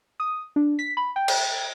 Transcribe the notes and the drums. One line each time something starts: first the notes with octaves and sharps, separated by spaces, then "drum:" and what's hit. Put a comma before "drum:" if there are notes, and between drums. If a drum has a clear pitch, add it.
D#6
D4
B6
B5
G5
drum: cymbal